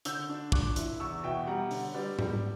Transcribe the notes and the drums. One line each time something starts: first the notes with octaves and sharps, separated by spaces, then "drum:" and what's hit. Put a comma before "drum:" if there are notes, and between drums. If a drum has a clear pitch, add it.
D3 E6 G6, drum: hi-hat
D4
A#2 D6 F#6, drum: kick
E4, drum: hi-hat
E2 C#6 E6
B2 E5 G5
G3 F#5 A#5
D3, drum: open hi-hat
G3 B4 D5
G3, drum: tom G#2